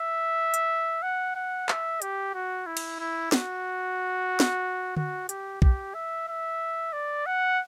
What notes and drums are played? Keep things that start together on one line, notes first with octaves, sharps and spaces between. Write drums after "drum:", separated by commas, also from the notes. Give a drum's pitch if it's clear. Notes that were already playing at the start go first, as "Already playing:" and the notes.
Already playing: E5
drum: hi-hat
F#5
F#5
E5, drum: clap
G4, drum: hi-hat
F#4
E4
drum: cymbal
E4
F#4, drum: snare
drum: snare
F#4, drum: tom D3
G4, drum: hi-hat
G4, drum: kick
E5
E5
D5
F#5